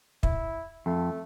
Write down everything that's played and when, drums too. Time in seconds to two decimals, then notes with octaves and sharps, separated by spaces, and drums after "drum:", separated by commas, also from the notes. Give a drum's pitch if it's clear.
0.23 E4, drum: kick
0.86 F2 A3